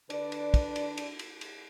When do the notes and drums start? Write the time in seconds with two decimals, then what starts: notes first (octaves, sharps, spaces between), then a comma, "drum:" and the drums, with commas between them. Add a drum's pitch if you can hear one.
0.10 D3 D4 B4 D5, drum: cymbal
0.32 drum: cymbal
0.54 drum: kick, cymbal
0.76 drum: cymbal
0.97 drum: cymbal
1.19 drum: cymbal
1.41 drum: cymbal